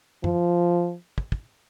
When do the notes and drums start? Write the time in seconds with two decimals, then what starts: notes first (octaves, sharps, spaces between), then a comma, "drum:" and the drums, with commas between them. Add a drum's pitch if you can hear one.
0.24 F3, drum: tom
1.18 drum: kick
1.32 drum: kick